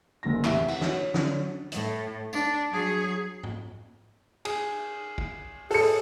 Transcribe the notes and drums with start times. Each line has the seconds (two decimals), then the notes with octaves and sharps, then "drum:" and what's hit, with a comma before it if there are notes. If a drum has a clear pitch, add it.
0.23 F#1 D3 A#3 A#6
0.44 E2 A2 C3 E5, drum: clap
0.68 F#5, drum: cymbal
0.81 F#4 C#5, drum: snare
1.14 D3 F#3 C#4 D4, drum: snare
1.72 A2, drum: hi-hat
2.33 D4, drum: tambourine
2.71 F#3 G#4
3.43 drum: tom G#2
4.45 G#4, drum: cymbal
5.18 drum: kick
5.71 G#4 A4 C#7, drum: open hi-hat